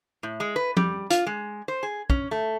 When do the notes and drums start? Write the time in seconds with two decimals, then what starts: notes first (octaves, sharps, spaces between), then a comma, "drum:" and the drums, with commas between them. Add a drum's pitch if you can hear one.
0.23 A2
0.40 G#3
0.56 B4
0.77 G3, drum: tom F3
1.10 F4, drum: hi-hat
1.26 G#3
1.68 C5
1.83 G#4
2.10 C#4, drum: kick
2.31 A3